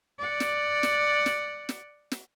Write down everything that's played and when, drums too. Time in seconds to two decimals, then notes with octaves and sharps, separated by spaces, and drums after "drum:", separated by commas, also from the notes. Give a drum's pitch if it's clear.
0.19 D5 F#5
0.40 drum: snare
0.83 drum: snare
1.26 drum: snare
1.69 drum: snare
2.11 drum: snare